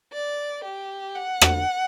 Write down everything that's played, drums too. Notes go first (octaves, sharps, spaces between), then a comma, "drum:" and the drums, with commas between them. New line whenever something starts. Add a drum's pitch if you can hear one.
D5
G4
F#5
drum: rim click